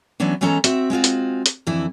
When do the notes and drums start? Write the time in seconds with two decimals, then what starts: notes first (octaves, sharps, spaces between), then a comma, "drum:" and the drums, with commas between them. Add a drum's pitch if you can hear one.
0.20 E3 F#3 B3 C#4 D4
0.41 E3 G#3 B3 C#4 A4 A#5
0.64 C4 F#4 E5, drum: hi-hat
0.90 G#3 C4 F4 F#4
1.04 drum: hi-hat
1.46 drum: hi-hat
1.67 F2 D3 E3 E4